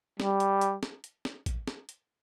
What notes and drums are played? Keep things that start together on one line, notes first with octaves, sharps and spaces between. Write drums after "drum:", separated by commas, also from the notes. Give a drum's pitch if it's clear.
G3, drum: snare
drum: hi-hat
drum: hi-hat
drum: snare
drum: hi-hat
drum: snare
drum: kick, hi-hat
drum: snare
drum: hi-hat